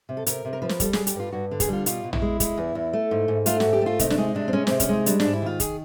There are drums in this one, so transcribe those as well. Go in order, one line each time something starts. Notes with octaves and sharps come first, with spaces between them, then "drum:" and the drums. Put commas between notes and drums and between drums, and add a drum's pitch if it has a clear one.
C3
A4
C3 A#4, drum: hi-hat
C3
A#4
F3 B4
A#4, drum: snare
G3 A4, drum: kick, hi-hat
G3 G#4, drum: snare
G4, drum: hi-hat
G2 F4
G2 F#4
D3
G#4, drum: kick, hi-hat
G3 F4
B2 F4, drum: hi-hat
B2
E4, drum: tom
G#3
G#3, drum: kick, hi-hat
E2
E2
A3
G#2
G#2
A3 F4, drum: hi-hat
G#2 F#4, drum: snare
G4
A3 F4
C3 D#4, drum: kick, hi-hat
D4, drum: snare
G#3 D#4
C3 D4
C4
G#3 C#4
C3 C4, drum: snare
C#4, drum: kick, hi-hat
G#3 D#4
G3 D4, drum: hi-hat
G#2 D4, drum: snare
E4
D#3 F4
G#4, drum: kick, hi-hat